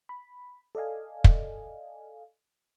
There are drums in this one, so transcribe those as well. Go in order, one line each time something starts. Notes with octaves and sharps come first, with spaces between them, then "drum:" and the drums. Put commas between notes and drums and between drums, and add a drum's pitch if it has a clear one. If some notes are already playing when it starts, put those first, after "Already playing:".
B5
A4 D5 D#5 F5 G#5
drum: kick